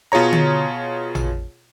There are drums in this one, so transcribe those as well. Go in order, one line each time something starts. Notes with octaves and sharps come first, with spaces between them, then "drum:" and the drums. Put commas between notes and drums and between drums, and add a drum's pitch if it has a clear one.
B2 F4 G#4 C#5 A#5
drum: tom D3
drum: tom A1